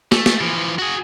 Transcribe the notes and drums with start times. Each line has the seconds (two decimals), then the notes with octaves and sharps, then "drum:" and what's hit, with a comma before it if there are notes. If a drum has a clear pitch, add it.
0.12 A3, drum: snare
0.26 drum: snare
0.41 E3 F3
0.79 F#4 G#4